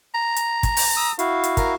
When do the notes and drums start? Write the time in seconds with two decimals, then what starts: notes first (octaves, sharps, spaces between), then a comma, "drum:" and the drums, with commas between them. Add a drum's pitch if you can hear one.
0.15 A#5
0.36 drum: hi-hat
0.63 drum: kick, hi-hat
0.77 drum: open hi-hat
0.96 D#6 E6
1.19 E4 F#4 F5, drum: hi-hat
1.44 drum: hi-hat
1.57 A#4, drum: kick, hi-hat